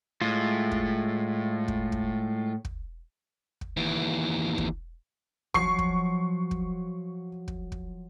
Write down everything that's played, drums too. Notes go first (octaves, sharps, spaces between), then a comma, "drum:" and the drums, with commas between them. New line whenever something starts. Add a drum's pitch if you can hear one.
A2 G#3 F4
drum: kick
drum: kick
drum: kick
drum: kick
drum: kick
D#2 E3
drum: kick
F3 F#3 C#6 C7, drum: kick
drum: kick
drum: kick
drum: kick
drum: kick